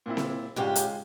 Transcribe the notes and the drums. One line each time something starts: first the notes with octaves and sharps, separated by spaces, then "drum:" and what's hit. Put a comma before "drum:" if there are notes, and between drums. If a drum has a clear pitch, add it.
A#2 C4 E4
drum: snare C4
G#2 C#3 G#3 F4 G4
drum: hi-hat